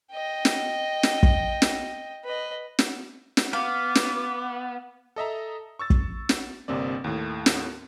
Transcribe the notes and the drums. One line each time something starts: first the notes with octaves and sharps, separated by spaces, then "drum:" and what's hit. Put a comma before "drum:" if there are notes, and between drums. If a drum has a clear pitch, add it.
D#5 G5
drum: snare
drum: snare
drum: kick
drum: snare
B4 D#5
drum: snare
drum: snare
B3 F5 D6
drum: snare
A4 D#5 E5 A#5
C#6 E6 A6
drum: kick
drum: snare
G1 C3 A#3 C4 D5
D#2 A2
drum: snare